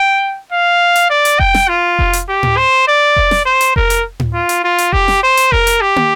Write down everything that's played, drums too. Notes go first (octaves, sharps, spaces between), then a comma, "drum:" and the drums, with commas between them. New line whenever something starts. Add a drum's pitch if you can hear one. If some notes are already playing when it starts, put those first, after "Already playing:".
Already playing: G5
F5
drum: hi-hat
D5
drum: hi-hat
G5, drum: kick F1
drum: snare
F4
drum: kick F1
drum: hi-hat
G4
drum: tom A2
C5
D5
drum: kick F1
drum: snare
C5
drum: hi-hat
A#4, drum: kick F1
drum: hi-hat
drum: tom A2
F4
drum: hi-hat
F4
drum: hi-hat
G4, drum: kick F1
drum: snare
C5
drum: hi-hat
A#4, drum: kick F1
drum: hi-hat
G4
drum: tom